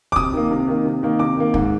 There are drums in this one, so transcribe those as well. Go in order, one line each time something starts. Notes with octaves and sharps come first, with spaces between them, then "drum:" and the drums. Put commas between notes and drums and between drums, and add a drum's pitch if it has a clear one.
D6
C3 D#6, drum: kick
D#3 A#3
C3
D#3 A#3
C3
D#3 A#3
C3 D6
D#3 A#3
G#2, drum: kick